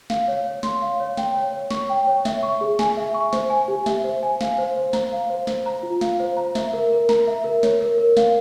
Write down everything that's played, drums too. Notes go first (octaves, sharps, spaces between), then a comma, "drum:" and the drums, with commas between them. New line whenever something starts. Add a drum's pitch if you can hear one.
F5, drum: snare
C#5
C#5
C6, drum: snare
F5
C#5
G5, drum: snare
C#5
C#5
C#6, drum: snare
G5
C#5
E5, drum: snare
C#6
G#4
G#5, drum: snare
E5
C#6
C5, drum: snare
G#5
G4
E5, drum: snare
C5
G#5
F5, drum: snare
C5
C5
A#5, drum: snare
F5
C5
C5, drum: snare
A#5
F4
F5, drum: snare
C5
A#5
E5, drum: snare
A#4
A#4
A#5, drum: snare
E5
A#4
C#5, drum: snare
A#4
A#4
F5, drum: snare